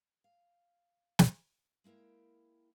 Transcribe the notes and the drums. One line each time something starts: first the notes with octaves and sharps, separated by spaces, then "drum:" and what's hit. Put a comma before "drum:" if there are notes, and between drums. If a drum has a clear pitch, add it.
F5
drum: snare
G#3 A#3 E4 A#4 G5